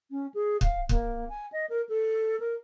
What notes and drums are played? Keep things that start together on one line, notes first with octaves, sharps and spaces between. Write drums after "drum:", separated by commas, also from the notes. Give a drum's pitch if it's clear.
C#4
G#4
F5, drum: kick
A#3, drum: kick
G#5
D#5
A#4
A4
A#4